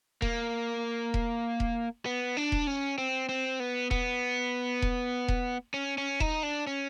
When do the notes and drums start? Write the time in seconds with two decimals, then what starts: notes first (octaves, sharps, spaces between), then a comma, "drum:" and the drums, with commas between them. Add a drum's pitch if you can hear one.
0.22 A#3, drum: kick E1
1.14 drum: kick E1
1.60 drum: kick E1
2.06 B3
2.37 D4
2.52 drum: kick E1
2.67 C#4
2.98 C4
3.29 C4
3.60 B3
3.91 B3, drum: kick E1
4.82 drum: kick E1
5.28 drum: kick E1
5.74 C#4
5.98 C#4
6.20 D#4, drum: kick E1
6.43 D4
6.67 C#4